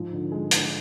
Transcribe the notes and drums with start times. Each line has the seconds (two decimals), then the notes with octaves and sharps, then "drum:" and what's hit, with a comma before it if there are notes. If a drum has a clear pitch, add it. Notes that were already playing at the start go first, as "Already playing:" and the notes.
Already playing: G#2 F3
0.13 D3
0.32 G#3
0.51 D3, drum: hi-hat